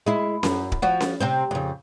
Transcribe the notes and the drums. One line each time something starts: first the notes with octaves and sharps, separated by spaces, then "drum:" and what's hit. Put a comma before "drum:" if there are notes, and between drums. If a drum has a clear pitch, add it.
G#3 E4
F#2, drum: snare C#4
drum: kick D1
F3 F#4
drum: snare C#4
C3 C4 C5
F2 C#3